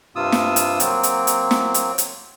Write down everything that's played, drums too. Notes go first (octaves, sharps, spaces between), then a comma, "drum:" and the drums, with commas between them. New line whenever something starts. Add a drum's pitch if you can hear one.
G2 C3 F4 D#6 E6
drum: snare
drum: hi-hat
F#3 A#3 C4, drum: hi-hat
drum: hi-hat
drum: hi-hat
drum: snare
drum: hi-hat
drum: hi-hat